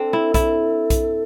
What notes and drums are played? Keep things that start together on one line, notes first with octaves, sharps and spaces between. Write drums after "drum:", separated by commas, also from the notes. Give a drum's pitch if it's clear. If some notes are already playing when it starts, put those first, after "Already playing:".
Already playing: C4 D4 A4
E4
E4, drum: kick B1, hi-hat
drum: kick B1, hi-hat